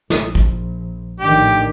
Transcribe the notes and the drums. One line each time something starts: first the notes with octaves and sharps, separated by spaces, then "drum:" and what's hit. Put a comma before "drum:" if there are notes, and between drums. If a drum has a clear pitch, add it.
A#1, drum: snare
drum: kick
A#1 A2 D#3 D4 G4